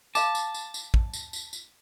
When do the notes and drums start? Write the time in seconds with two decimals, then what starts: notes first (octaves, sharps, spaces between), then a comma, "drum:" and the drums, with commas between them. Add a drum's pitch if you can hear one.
0.15 F5 A5 D6, drum: tambourine
0.35 drum: tambourine
0.55 drum: tambourine
0.74 drum: tambourine
0.94 drum: kick
1.13 drum: tambourine
1.33 drum: tambourine
1.53 drum: tambourine